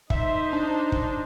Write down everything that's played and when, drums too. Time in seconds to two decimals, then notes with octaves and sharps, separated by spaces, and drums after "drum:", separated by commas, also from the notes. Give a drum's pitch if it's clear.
0.10 D#4 C5 E5, drum: kick
0.53 D4
0.92 drum: kick